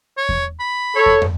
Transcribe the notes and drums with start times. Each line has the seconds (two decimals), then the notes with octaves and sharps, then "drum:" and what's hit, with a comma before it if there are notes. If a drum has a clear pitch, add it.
0.17 C#5
0.29 drum: kick E2
0.60 B5
0.95 A4 C#5
1.06 drum: kick E2
1.22 drum: tom